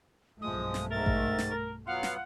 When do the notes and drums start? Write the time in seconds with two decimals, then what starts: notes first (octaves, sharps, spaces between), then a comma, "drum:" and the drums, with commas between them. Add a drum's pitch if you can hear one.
0.42 B1 G2 F3 G#3 A3 D#6
0.74 drum: snare
0.91 G#2 D#3 A#4 E5 A6
1.06 drum: kick A1
1.38 drum: snare
1.51 A#4
1.87 F#3 B3 F4 F5 F#5
2.03 drum: snare